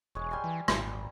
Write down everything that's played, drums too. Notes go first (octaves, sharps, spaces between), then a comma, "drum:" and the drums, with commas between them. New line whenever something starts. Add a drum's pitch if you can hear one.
E1 G#3 C#5
G3 G#5 C6
E3
G#1, drum: rim click